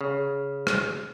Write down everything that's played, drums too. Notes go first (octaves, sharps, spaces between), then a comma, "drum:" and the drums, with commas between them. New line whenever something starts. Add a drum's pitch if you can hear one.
C#3
drum: rim click